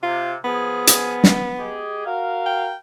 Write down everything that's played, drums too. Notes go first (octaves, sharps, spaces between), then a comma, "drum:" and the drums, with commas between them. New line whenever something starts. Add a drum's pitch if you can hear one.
C3 F4
F3 B3 G#4
drum: hi-hat
drum: snare
G#3 G4 G#4
F#4 A#4 F5
G5